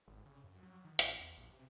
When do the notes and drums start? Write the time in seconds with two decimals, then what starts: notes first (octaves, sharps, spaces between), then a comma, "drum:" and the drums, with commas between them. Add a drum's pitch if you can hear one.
0.08 G#1
0.26 C#3
0.44 F#2
0.63 F#3
0.84 D#3
0.99 A1, drum: hi-hat
1.19 E2
1.37 A#1
1.50 C3